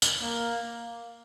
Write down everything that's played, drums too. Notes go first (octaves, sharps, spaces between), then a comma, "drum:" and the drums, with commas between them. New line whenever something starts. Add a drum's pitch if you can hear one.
drum: tambourine
A#3